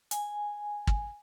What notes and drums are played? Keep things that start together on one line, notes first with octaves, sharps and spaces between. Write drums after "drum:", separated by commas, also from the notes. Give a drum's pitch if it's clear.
G#5, drum: hi-hat
drum: kick